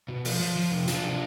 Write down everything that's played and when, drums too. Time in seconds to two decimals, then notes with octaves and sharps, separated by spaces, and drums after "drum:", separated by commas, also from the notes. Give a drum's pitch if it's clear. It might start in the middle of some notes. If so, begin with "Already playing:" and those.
0.08 B2
0.25 F3, drum: open hi-hat
0.40 F3
0.56 F3
0.71 C3
0.88 F3 D4 F4, drum: hi-hat
1.03 C3